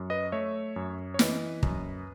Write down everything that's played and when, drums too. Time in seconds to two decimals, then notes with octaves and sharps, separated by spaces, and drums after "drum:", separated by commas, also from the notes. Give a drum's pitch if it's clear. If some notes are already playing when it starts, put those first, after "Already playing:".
Already playing: F#2
0.10 B4 D#5
0.32 A3 C#5 E5
0.76 F#2
1.14 C#5
1.19 E3 B4 D#5, drum: snare
1.63 F#2, drum: kick